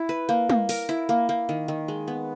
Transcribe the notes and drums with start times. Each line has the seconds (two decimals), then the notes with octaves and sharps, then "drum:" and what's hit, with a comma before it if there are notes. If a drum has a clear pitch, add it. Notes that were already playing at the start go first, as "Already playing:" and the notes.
Already playing: E4
0.09 B4
0.29 A#3
0.49 A#3, drum: tom
0.69 A#4, drum: open hi-hat
0.89 E4
1.09 A#3
1.29 A#3
1.49 D#3
1.68 D#3
1.88 G#3
2.08 B3